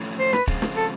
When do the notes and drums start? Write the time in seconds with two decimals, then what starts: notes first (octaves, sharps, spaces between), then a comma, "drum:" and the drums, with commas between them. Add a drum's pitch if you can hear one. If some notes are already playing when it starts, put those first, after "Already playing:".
Already playing: A2 F3 A3 C#4
0.19 C5
0.33 B4, drum: snare
0.47 C#3 F3 G#3 C4 F4, drum: kick
0.62 drum: snare
0.76 A4